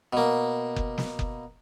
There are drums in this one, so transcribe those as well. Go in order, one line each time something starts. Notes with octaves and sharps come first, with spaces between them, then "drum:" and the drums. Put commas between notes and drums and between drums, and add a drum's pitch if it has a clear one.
B2 A#3
drum: kick F#1
drum: snare
drum: kick F#1